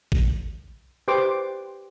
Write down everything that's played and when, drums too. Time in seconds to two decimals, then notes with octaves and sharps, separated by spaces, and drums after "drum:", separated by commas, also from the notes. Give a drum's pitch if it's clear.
0.12 drum: kick A1
1.08 G4 B4 C5 C6 D6